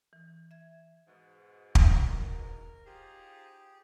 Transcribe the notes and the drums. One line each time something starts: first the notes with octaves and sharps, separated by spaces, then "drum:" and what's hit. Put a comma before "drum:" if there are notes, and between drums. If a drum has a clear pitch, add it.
E3
E5 G#6
G#2 B2
C4 F4, drum: kick
A#4
D#4 F4 G4 G#4 C5